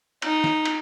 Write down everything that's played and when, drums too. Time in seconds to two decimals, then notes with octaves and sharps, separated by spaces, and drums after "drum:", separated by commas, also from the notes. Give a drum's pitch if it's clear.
0.22 D#4, drum: cymbal
0.44 drum: snare
0.65 drum: cymbal